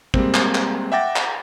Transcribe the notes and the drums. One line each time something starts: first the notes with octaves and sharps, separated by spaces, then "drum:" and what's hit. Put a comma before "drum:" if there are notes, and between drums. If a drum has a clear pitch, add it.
G3 G#3 A#3 C4, drum: kick
drum: clap
drum: clap
E5 F#5 G5 D6 A6 A#6
drum: clap